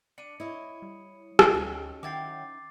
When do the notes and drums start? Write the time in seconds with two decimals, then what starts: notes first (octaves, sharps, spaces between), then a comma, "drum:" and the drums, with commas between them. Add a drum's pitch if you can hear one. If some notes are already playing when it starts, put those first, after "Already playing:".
0.18 D4 C#7 D#7
0.40 E4 C#5 D#5
0.82 G3
1.39 drum: rim click
1.54 D2 C4 C#4 D#4
2.03 D#3 F#3 E4 G5 D6 A6 C7